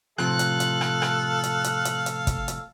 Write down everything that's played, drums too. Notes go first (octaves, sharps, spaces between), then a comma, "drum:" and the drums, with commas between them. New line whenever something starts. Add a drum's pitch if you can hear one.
A2 C3 F3 A4 F5 F#6, drum: rim click
drum: hi-hat
drum: hi-hat
drum: rim click
drum: rim click
drum: hi-hat
drum: hi-hat
drum: hi-hat
drum: hi-hat
drum: kick, hi-hat
drum: hi-hat